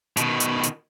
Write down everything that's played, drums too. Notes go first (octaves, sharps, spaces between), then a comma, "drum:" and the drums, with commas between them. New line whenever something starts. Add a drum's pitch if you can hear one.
B2 D#3, drum: hi-hat
drum: hi-hat
drum: hi-hat